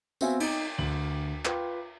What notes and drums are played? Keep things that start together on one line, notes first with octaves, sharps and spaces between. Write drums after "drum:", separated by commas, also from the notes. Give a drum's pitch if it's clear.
B3 C4 F#4 E5 F5 G#5, drum: tambourine
D#4, drum: cymbal
D2 F#7
F4 B4 G5 D6, drum: clap